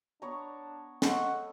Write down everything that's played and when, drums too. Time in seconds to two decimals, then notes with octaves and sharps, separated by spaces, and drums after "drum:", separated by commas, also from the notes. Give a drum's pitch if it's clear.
0.22 B3 D4 C#5 A#5
1.02 G#3 A3 B3 F#5, drum: snare